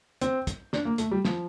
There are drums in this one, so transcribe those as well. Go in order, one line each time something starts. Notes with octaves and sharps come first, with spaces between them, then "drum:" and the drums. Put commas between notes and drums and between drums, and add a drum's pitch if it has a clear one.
C4, drum: hi-hat
drum: kick, hi-hat
D4, drum: snare
A#3
A3, drum: hi-hat
G3
F3, drum: snare